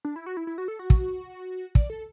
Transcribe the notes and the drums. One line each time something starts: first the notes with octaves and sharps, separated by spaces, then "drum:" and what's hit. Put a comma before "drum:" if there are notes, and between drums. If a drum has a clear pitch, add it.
D4
E4
F#4
E4
E4
F#4
A4
F#4
drum: kick
D5, drum: kick
A4